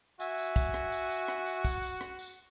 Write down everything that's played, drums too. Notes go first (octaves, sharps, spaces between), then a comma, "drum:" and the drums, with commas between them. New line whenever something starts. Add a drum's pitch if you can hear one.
F#4 E5 G#5, drum: tambourine
drum: tambourine
drum: kick, tambourine
drum: rim click
drum: tambourine
drum: tambourine
drum: rim click
drum: tambourine
drum: kick, tambourine
drum: tambourine
drum: rim click
drum: tambourine